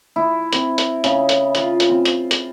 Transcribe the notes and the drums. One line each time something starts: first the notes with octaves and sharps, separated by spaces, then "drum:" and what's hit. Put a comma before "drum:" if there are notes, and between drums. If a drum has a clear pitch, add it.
E4
C4, drum: hi-hat
drum: hi-hat
C#3, drum: hi-hat
drum: hi-hat
F4, drum: hi-hat
drum: hi-hat
C4
drum: hi-hat
drum: hi-hat